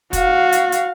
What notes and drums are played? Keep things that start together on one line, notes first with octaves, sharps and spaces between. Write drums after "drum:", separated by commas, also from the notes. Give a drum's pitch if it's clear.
F#4 F5, drum: kick, hi-hat
drum: hi-hat
drum: hi-hat